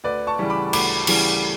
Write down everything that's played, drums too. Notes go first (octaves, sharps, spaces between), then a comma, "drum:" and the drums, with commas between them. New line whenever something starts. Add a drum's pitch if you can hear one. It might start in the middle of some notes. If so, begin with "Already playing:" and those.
D2 B4 D5
A5 C#6
C#3 E3 G3
B5 D6
D2 B5 D6, drum: cymbal
C#3 E3 G3, drum: cymbal